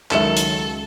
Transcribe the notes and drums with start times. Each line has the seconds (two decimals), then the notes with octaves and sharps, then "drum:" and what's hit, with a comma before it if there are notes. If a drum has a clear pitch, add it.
0.11 C#2 D#3 F#3 E4 A4 E5 C#7 E7, drum: clap
0.37 drum: hi-hat